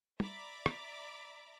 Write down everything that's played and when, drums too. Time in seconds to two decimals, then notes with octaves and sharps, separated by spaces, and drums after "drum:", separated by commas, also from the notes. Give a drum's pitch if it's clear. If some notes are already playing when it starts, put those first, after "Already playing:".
0.20 D5 E5 A#5 B5 D6, drum: tom
0.66 drum: rim click